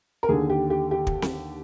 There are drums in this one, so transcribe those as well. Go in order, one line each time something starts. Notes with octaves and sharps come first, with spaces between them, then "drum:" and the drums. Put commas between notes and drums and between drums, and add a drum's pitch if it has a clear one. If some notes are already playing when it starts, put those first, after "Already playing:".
A#4
D#2 D3 G#4
G4
G4
G4
drum: kick
drum: snare C4